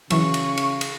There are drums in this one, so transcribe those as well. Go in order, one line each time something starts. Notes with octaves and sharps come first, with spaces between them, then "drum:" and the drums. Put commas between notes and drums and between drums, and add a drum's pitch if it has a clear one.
C#3 E3 F#3 C#6, drum: cymbal
drum: cymbal
drum: cymbal
drum: cymbal